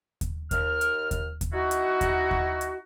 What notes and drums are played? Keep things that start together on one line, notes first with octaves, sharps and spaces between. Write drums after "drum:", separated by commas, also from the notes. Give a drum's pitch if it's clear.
drum: kick D#2, hi-hat
D#2 F6, drum: kick D#2, hi-hat
drum: hi-hat
drum: kick D#2, hi-hat
drum: kick D#2, hi-hat
D#4 E4 F#4
drum: hi-hat
drum: kick D#2, hi-hat
drum: kick D#2
drum: hi-hat